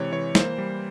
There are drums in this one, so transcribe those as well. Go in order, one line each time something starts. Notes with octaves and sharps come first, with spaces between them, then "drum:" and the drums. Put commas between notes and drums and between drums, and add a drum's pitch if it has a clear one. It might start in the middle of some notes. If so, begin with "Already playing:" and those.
Already playing: C3 E3 G#3 C#5 D5
E3 C#5
A#3 C5, drum: snare
G3